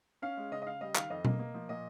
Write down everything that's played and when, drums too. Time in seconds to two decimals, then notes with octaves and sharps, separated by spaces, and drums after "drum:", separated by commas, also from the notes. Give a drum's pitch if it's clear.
0.22 C#4 F5
0.37 G#3
0.52 C#3 D#5
0.62 D#5
0.66 C#3 F5
0.81 G3 D#5
0.95 D#3 F5, drum: clap
1.10 F2 D#5
1.25 A#3, drum: tom B2
1.39 A#3
1.54 F3
1.69 A#2 D#5